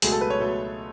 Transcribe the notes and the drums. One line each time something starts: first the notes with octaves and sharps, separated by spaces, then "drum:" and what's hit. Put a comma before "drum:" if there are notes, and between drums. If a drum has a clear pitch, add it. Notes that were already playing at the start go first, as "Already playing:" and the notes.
C#2 B2 F#3 A3 G#4, drum: open hi-hat
A4
B4
C#5
B2 F#3 A3